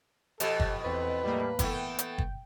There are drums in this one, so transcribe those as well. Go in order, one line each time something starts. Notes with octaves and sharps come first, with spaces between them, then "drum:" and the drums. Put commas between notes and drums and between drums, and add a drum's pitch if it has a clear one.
F2 B2 G4 A4, drum: hi-hat
drum: kick
E2 C4 B4
A2 G3 A3 A#3
E3 A3 B3 G5, drum: kick, hi-hat
drum: hi-hat
drum: kick